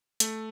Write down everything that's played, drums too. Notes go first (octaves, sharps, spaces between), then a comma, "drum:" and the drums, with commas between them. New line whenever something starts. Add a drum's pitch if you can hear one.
A3, drum: hi-hat